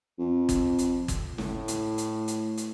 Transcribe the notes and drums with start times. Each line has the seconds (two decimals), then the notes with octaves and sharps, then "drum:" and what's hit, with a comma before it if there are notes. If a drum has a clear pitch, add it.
0.19 F2
0.49 drum: kick, hi-hat
0.78 drum: hi-hat
1.08 drum: kick, hi-hat
1.38 A2, drum: snare
1.68 drum: hi-hat
1.98 drum: hi-hat
2.28 drum: hi-hat
2.57 drum: hi-hat